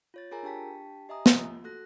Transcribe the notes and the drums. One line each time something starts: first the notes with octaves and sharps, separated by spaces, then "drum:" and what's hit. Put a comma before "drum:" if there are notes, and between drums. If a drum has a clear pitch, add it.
F4 C#5 A6
F4 G#4 A#4 G#5 A#5
D4 G4 G5 A5 B6
G4 D#5 E5 G#5 A#5 D#6
A3 A#3 F4, drum: snare
F#4 A4 F#6 A#6